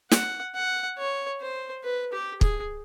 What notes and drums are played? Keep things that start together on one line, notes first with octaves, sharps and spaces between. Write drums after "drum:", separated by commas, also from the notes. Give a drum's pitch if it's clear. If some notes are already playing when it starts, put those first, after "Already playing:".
F#5, drum: snare
F#5
C#5
C5
B4
G4
G#4, drum: kick